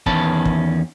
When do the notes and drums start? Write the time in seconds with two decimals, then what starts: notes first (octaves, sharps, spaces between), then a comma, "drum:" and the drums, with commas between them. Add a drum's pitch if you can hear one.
0.06 E2 D#3 C#4 B4 A5, drum: kick
0.45 drum: kick